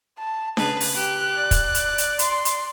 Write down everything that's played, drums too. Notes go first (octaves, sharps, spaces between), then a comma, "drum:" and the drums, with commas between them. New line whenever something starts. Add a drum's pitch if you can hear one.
A5
C#3 G#4 B4 A5, drum: snare D4
drum: open hi-hat
G4 F#6
D5
drum: kick, hi-hat
drum: hi-hat
drum: hi-hat
C6, drum: hi-hat
drum: hi-hat